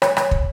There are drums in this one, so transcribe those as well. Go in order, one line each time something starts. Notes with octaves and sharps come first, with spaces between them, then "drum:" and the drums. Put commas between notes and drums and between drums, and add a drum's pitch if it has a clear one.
C#5, drum: rim click
drum: rim click
drum: kick